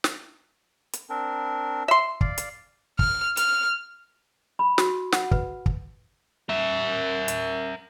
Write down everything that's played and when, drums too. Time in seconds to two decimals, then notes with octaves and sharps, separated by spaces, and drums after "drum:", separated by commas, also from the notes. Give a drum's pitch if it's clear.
0.04 drum: snare
0.93 drum: hi-hat
1.10 C4 D4 A#4
1.88 E5 C6
2.21 D5 F5, drum: kick
2.38 drum: hi-hat
2.99 F6, drum: kick
3.37 F6, drum: hi-hat
4.59 B5
4.78 F#4, drum: snare
5.12 F#5, drum: snare
5.31 B4, drum: kick
5.66 drum: kick
6.49 A#4 E5
7.28 drum: hi-hat